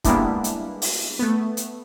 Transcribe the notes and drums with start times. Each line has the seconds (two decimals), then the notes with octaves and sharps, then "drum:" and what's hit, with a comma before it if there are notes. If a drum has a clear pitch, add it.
0.04 G3 G#3 A#3 B3 D4 E4, drum: kick, hi-hat
0.44 drum: hi-hat
0.82 drum: open hi-hat
1.19 A3 B3
1.57 drum: hi-hat